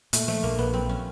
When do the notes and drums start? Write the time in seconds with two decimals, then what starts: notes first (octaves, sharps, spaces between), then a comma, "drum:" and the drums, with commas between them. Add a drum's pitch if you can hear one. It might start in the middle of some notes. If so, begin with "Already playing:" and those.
0.13 A#2 A3, drum: hi-hat
0.28 F3 A3
0.43 A#1 A#3
0.58 A#1 B3
0.73 F#3 C4
0.89 C#4